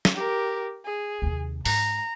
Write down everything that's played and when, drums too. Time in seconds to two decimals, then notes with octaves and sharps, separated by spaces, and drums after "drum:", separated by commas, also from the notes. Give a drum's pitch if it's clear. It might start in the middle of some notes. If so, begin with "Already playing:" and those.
0.05 drum: snare
0.14 G4 A#4
0.85 G#4
1.22 D#2 C3
1.65 G#2 A#5, drum: open hi-hat